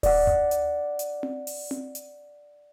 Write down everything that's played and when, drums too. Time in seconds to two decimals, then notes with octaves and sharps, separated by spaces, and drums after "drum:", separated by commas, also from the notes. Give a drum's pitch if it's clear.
0.03 D5 F#5, drum: kick D#1, open hi-hat
0.27 drum: tom D2
0.51 drum: hi-hat
0.99 drum: hi-hat
1.23 drum: tom C4
1.47 drum: open hi-hat
1.71 drum: tom C4
1.95 drum: hi-hat